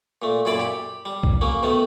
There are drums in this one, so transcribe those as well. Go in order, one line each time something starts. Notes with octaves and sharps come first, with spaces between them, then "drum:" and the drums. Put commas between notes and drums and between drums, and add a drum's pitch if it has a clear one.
A#2 A3
F#2 A#2 E4 D5 B5 D6
G4 B5
G3
drum: kick
C#3 F#3 A#3
B2 D#3 A3 B3